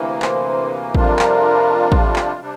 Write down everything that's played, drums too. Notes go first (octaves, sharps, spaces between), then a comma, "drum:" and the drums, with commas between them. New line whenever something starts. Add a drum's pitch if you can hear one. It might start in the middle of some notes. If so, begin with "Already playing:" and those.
Already playing: D2 C3 E3 A#3
C5, drum: clap
F2 C3 G3 D4 F4 A#4, drum: kick A1
drum: clap
drum: kick A1
drum: clap
C3 G3 D4